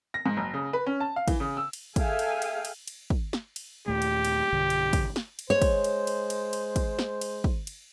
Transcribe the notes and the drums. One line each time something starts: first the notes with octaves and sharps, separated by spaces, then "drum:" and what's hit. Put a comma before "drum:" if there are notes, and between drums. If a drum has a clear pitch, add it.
A#6
G#2
F#1
C#3
B4
C#4
A5
F5
E3, drum: kick, cymbal
C#3
E6
drum: cymbal
G#4 A4 E5 F5 G5 G#5, drum: kick, cymbal
drum: cymbal
drum: cymbal
drum: cymbal
drum: cymbal
drum: kick
drum: snare
drum: cymbal
D#2 A#2 A3 G4
drum: cymbal
drum: cymbal
B1 G2 D3
drum: cymbal
drum: kick, cymbal
drum: snare
drum: cymbal
G#3 C5 C#5
drum: kick, cymbal
drum: cymbal
drum: cymbal
drum: cymbal
drum: cymbal
drum: kick, cymbal
drum: snare
drum: cymbal
drum: kick
drum: cymbal